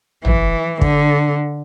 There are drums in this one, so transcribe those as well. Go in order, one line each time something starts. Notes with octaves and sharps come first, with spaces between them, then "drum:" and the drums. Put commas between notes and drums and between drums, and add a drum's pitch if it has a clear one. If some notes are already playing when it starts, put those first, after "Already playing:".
E3, drum: tom
D3, drum: kick